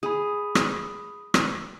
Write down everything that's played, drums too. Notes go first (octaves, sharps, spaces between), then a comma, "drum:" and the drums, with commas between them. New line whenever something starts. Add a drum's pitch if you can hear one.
G#4 B5 D#6
drum: rim click
drum: rim click